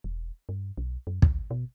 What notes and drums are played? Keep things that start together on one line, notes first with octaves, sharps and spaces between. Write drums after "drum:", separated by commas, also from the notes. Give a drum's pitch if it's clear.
E1
G2
B1
F#2
D2, drum: kick
B2